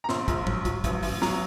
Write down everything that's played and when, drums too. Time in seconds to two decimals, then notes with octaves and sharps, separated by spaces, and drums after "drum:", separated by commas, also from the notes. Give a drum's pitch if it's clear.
0.04 A#5
0.09 A#1 C6, drum: snare
0.28 A#1, drum: kick, hi-hat
0.47 F#3, drum: tom
0.65 F#3, drum: kick, hi-hat
0.84 A1, drum: kick, hi-hat
1.03 A1, drum: open hi-hat
1.22 F#3 A#5, drum: snare